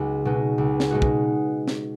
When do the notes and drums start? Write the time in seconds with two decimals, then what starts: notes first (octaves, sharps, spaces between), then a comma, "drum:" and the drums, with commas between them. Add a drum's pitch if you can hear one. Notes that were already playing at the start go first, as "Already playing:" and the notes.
Already playing: C#2 G#3 D#4 F#4
0.25 B2 G#3 D#4 F#4
0.58 C#2
0.80 drum: snare
0.91 B2 G#3 D#4 F#4
1.02 drum: kick
1.68 drum: snare